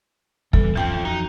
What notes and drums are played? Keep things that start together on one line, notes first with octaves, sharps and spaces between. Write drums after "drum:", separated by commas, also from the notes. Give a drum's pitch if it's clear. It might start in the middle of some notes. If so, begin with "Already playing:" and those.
E3 G3 A#3 B3 A4, drum: kick
F2 E3 C4 C#4 F4 A4 G5 G6
D#4 F#4 A#5